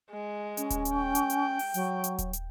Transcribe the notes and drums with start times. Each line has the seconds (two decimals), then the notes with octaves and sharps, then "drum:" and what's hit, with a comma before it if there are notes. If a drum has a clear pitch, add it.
0.10 G#3
0.57 C#4, drum: hi-hat
0.70 drum: kick D#1, hi-hat
0.85 drum: hi-hat
0.94 G5
1.15 drum: hi-hat
1.30 drum: hi-hat
1.59 drum: open hi-hat
1.74 F#3, drum: hi-hat
2.04 drum: hi-hat
2.18 drum: kick D#1, hi-hat
2.33 drum: hi-hat